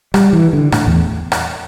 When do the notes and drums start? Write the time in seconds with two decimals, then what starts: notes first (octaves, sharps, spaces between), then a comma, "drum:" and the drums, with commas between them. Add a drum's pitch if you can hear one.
0.14 G3, drum: rim click
0.33 E3
0.53 D3
0.72 A2, drum: rim click
0.87 E2
1.32 drum: rim click